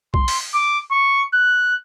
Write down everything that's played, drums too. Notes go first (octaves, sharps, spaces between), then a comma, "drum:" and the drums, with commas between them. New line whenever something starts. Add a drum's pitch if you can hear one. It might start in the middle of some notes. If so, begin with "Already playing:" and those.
C6, drum: kick B1
drum: open hi-hat
D6
C#6
F#6